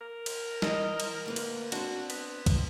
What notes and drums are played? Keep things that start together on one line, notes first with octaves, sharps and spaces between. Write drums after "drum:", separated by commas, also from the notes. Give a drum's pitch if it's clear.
A#4
drum: cymbal
E3 D#5, drum: snare
drum: cymbal
D2 A#3 B4
drum: cymbal
C4 D4 F#4, drum: cymbal
B3, drum: cymbal
drum: kick C2, cymbal